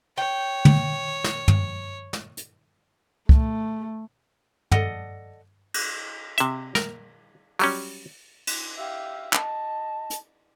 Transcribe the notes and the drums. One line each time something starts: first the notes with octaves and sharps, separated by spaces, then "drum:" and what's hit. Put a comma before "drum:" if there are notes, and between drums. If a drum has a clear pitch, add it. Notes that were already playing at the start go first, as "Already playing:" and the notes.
C#5 G5
drum: tom
drum: snare
drum: tom
drum: snare
drum: hi-hat
A3, drum: kick C2
A4 D5 D#5 F#5, drum: tom
drum: cymbal
C3 E5, drum: hi-hat
A#4, drum: snare
F#3 G3 C#4, drum: open hi-hat
drum: cymbal
G4 E5 F5 E6
D#5 A5, drum: clap
drum: hi-hat